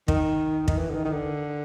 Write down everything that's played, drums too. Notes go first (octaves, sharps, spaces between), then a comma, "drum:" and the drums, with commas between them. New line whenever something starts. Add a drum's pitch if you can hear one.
D#3, drum: kick
D#3, drum: kick
E3
D3
D#3
D#3
D3